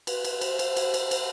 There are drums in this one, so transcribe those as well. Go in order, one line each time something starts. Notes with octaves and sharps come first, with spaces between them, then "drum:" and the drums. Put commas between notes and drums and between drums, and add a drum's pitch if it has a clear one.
B4, drum: cymbal
drum: cymbal
C5, drum: cymbal
drum: cymbal
drum: cymbal
drum: cymbal
drum: cymbal